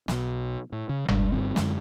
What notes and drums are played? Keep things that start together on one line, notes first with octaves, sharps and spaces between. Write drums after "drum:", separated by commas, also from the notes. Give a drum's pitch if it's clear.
B1 B2, drum: snare
A2
C#3
G3 G#3 D4, drum: tom F#1
G1 G2 D3 C4
F#2 D3 G#3, drum: snare